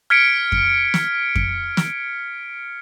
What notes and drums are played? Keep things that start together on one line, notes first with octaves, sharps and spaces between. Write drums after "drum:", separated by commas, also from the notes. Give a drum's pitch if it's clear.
F6 G#6 B6 C#7 D7
drum: kick F2
drum: snare
drum: kick F2
drum: snare